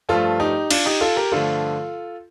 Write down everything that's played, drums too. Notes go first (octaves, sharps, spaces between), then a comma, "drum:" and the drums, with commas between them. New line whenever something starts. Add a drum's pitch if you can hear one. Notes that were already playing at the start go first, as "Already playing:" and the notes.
G2 F3 A3 F4 A4
D#4 G4
D4 F4, drum: cymbal
D#4 G4
F4 A4
G4 A#4
G2 D3 F3 A3 F4 A4